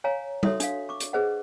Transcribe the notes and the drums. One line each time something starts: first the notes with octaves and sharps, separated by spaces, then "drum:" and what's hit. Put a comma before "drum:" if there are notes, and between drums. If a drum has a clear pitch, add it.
C#5 F5 G#5 A#5
F#4 A4 C#5 E5 C6 D#6, drum: tom G3
D4 F5, drum: hi-hat
C#6 D6
drum: hi-hat
G#4 B4 C5 D#5 F#5